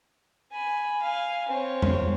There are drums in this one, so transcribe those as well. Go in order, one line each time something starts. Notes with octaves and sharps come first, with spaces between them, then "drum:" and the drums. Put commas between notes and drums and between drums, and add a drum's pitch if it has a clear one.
G#5 B5
F5 G#5
C4 C#5
drum: tom F2